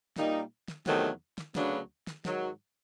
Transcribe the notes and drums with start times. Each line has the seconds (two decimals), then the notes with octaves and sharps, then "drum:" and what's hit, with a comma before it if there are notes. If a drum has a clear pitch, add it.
0.16 A#2 G3 A#3 D#4, drum: snare
0.68 drum: snare
0.86 E2 C3 D#3 F#3 A3, drum: snare
1.38 drum: snare
1.55 D2 C#3 F#3 B3 D4, drum: snare
2.07 drum: snare
2.25 G#2 D#3 F#3, drum: snare